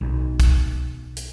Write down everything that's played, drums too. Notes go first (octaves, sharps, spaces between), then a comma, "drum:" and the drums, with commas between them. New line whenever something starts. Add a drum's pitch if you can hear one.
B1
drum: kick, hi-hat
drum: hi-hat